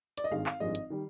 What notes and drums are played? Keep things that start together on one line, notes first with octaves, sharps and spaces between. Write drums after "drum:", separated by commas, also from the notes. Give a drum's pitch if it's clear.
D5, drum: hi-hat
D#5
G#1 G2 D#3 G#3 F5
F5, drum: clap
G#1 G2 F3 G#3 D#5
drum: hi-hat
D#3 G3